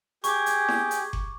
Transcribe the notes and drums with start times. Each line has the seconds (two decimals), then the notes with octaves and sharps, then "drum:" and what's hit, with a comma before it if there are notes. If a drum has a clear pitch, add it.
0.24 G4 G#4 C#6 D6, drum: hi-hat
0.46 drum: hi-hat
0.68 drum: snare E4
0.91 drum: hi-hat
1.13 drum: kick F#1